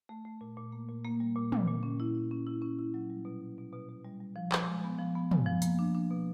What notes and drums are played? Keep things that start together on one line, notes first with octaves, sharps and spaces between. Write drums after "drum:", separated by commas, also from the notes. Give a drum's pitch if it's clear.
A3
A3
A#2
A#2
A#3
A#2
A#3
G3
A#2
A#2, drum: tom
A#2
C#4
E4
E4
C#4
E4
C#4
E4
F#3
G3
B2
B2
B2
B2
B2
G3
G3
F3
F3, drum: clap
G#3
B3
F3
B3
G#3, drum: tom
F3
A#3, drum: hi-hat
D4
D4
B2